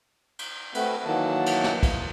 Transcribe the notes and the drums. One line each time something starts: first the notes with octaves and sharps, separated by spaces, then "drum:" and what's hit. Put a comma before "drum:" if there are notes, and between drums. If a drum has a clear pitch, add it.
drum: cymbal
A3 C4 F#4 B4, drum: cymbal
D#3 E3 F#3 A#3 F#5 A5
drum: cymbal
drum: snare
F4, drum: kick, cymbal